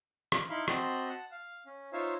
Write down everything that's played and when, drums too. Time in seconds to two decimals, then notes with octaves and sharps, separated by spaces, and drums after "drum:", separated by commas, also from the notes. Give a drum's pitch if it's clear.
0.32 drum: rim click
0.50 D#4 E4 F5 B5 C6
0.68 C4 F#4 D#5 A5 B5 C6, drum: rim click
1.09 F#5 A5
1.32 F5
1.66 C#4
1.93 D#4 F4 C5 C#5 E5 F5